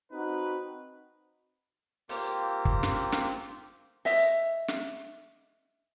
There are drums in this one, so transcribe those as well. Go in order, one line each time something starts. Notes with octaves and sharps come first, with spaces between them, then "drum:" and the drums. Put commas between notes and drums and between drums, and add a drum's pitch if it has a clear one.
C4 D#4 F#4 B4
A#3 C4 F4 G4, drum: open hi-hat
drum: kick
drum: snare
drum: snare
D#5 E5, drum: open hi-hat
drum: snare